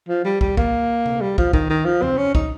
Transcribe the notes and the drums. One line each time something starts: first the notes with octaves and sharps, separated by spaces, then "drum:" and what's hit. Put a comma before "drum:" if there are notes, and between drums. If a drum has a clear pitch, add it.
F3
G3
G3, drum: kick
A#3, drum: kick
drum: tom C3
G3
F3, drum: kick
D#3, drum: kick
D#3
F3
C4, drum: tom E2
C#4
D#4, drum: kick